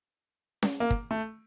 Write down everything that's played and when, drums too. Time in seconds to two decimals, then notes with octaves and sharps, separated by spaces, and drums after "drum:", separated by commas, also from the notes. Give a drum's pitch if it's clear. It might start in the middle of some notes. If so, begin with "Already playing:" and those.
0.63 drum: snare C#4
0.80 A#3
0.90 drum: kick
1.11 A3